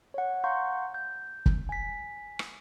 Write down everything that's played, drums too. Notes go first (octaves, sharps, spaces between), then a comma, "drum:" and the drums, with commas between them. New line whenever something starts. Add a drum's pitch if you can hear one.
C#5 F#5
F5 F#5 A#5 C6 C#6 G6
G6
drum: kick
G#5 B6
drum: rim click